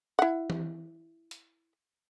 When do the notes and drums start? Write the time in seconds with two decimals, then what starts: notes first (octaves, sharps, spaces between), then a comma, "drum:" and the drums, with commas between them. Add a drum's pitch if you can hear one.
0.19 E4 F#5
0.50 drum: tom E3
1.31 drum: hi-hat